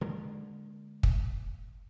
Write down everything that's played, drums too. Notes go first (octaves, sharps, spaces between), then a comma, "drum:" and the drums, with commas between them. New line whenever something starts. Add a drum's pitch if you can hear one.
D3 G#3 A#3
drum: kick